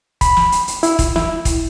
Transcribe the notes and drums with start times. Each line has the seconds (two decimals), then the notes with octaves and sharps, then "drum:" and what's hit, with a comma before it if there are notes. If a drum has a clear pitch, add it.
0.21 B5, drum: kick, hi-hat
0.37 drum: snare
0.52 drum: hi-hat
0.68 drum: hi-hat
0.83 E4, drum: hi-hat
0.99 drum: kick, hi-hat
1.16 E4, drum: snare
1.45 drum: kick, hi-hat